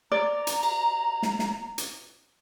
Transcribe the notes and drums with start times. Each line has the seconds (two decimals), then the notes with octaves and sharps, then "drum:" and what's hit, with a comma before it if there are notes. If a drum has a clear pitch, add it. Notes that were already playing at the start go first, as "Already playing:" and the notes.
0.12 D5 A#5
0.47 drum: hi-hat
0.63 drum: cymbal
1.23 drum: snare
1.39 drum: snare
1.78 drum: hi-hat